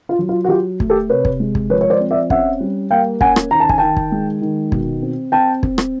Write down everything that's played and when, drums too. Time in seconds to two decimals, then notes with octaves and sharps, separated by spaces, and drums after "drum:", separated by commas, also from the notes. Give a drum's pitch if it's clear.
0.09 F4
0.19 F#3
0.29 F4
0.44 F#4
0.49 F#3 F4 G4
0.80 A3, drum: kick
0.90 G4 A4
1.09 C3 B4 C#5
1.25 drum: kick
1.40 G#3
1.55 drum: kick
1.70 F3 B4 C#5
1.81 C#5
1.90 C5 D5
2.00 C4
2.11 D5 E5
2.30 C#4 E5 F#5, drum: kick
2.60 G3
2.91 A#3 F5 G5
3.21 C#4 F#5 G#5, drum: kick
3.36 drum: rim click
3.51 D#3 A#5
3.60 A5
3.69 G#5, drum: kick
3.78 D#3 G5 A5
3.97 drum: kick
4.12 G#3
4.41 D#3
4.72 B2, drum: kick
5.02 C4
5.32 C4 G5 A5
5.63 C4, drum: kick
5.78 drum: rim click